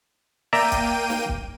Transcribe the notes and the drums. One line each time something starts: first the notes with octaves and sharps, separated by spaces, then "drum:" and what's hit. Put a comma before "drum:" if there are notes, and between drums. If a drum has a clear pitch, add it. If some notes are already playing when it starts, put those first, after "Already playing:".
A#3 D5 E5 G5 A#5 D#7
drum: kick, hi-hat
drum: snare
drum: kick